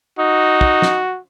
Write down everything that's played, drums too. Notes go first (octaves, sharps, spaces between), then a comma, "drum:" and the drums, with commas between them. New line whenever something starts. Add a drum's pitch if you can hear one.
D#4 F#4
drum: kick
drum: snare